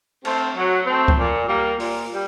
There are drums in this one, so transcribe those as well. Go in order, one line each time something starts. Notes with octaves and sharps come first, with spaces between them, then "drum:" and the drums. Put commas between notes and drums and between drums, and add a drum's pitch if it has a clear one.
A3 C4, drum: cymbal
F#3
A3 C4
drum: kick C#2
A#2
G3 A#3
A#2, drum: open hi-hat
G3